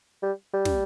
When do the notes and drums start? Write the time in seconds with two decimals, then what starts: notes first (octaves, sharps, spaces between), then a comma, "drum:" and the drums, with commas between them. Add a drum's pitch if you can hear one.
0.23 G3
0.53 G3
0.65 drum: snare